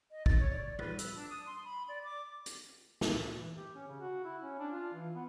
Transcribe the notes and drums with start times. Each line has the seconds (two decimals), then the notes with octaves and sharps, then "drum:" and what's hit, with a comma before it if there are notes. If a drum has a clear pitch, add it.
0.11 D#5
0.26 A6, drum: kick
0.39 C#5
0.51 D5
0.79 B4, drum: tom G3
0.99 E6, drum: hi-hat
1.15 D4
1.29 D#6
1.46 C6
1.64 B5
1.88 D5
2.04 D6
2.46 drum: hi-hat
3.01 drum: snare
3.38 E3
3.56 G4
3.75 C#4
3.88 C#3
4.00 F#4
4.25 E4
4.42 C#4
4.59 D4
4.71 F4
4.94 E3
5.15 B3